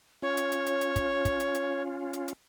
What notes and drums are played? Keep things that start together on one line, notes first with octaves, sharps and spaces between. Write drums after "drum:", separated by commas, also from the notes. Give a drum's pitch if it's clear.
C#4 F4 C#5
drum: hi-hat
drum: hi-hat
drum: hi-hat
drum: hi-hat
drum: kick, hi-hat
drum: kick, hi-hat
drum: hi-hat
drum: hi-hat
drum: hi-hat
drum: hi-hat